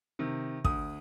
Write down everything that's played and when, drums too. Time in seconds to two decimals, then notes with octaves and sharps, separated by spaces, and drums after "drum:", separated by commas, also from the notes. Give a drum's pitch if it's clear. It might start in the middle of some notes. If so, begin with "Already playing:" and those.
0.19 C3 D#3
0.64 D2 D#6, drum: kick